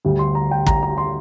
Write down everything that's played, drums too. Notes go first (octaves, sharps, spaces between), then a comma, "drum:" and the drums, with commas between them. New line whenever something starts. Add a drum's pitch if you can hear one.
D2 D3 G3
C6
A#5
G5
A#5, drum: kick
A#5
C6